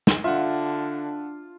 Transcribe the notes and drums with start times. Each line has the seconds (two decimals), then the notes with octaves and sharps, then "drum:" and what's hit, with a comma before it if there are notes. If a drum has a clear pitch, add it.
0.07 drum: snare
0.24 D3 D4 F4 E5 F#5